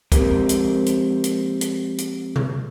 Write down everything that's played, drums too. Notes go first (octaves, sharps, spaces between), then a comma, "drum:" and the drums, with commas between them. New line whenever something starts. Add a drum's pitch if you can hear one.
F3 G#3 A#3 C4 G4 A#4, drum: kick, hi-hat
drum: hi-hat
drum: hi-hat
drum: hi-hat
drum: hi-hat
drum: hi-hat
drum: tom B2